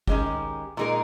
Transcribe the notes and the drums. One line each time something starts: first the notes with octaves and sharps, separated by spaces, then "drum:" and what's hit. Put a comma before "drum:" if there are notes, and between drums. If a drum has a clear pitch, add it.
D#3 G#3 C#4 G4, drum: kick
A#2 G#3 D#4 A#4